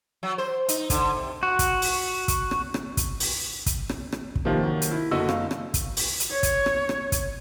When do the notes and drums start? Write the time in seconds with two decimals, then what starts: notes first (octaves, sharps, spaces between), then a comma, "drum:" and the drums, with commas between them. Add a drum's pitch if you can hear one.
0.23 F#3
0.38 C5
0.69 D#4, drum: hi-hat
0.90 D3, drum: kick, hi-hat
1.17 C3
1.43 F#4
1.59 drum: kick, hi-hat
1.82 drum: open hi-hat
2.28 drum: kick, hi-hat
2.51 drum: rim click
2.74 drum: rim click
2.97 drum: kick, hi-hat
3.20 drum: open hi-hat
3.66 drum: kick, hi-hat
3.89 drum: rim click
4.12 drum: rim click
4.36 drum: kick
4.45 C3 D#3 F3 A#3
4.63 F#3 F#4
4.82 drum: hi-hat
4.91 E4
5.11 F#1 D3 F#4 D#5 E6
5.29 F5 C#6, drum: rim click
5.51 drum: rim click
5.74 drum: kick, hi-hat
5.97 drum: open hi-hat
6.20 drum: hi-hat
6.31 C#5
6.43 drum: kick, hi-hat
6.66 drum: rim click
6.89 drum: rim click
7.12 drum: kick, hi-hat